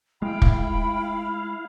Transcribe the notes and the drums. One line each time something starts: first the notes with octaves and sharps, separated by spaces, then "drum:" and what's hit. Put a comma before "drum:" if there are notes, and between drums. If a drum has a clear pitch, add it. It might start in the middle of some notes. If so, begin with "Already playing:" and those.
G#3 A3 E4 F5 G5 B5
drum: kick